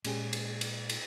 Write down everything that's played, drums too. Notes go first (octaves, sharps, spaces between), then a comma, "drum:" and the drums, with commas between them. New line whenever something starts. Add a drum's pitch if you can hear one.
A#2 G#3 C#4 G4 G#4, drum: cymbal
drum: cymbal
drum: cymbal
drum: cymbal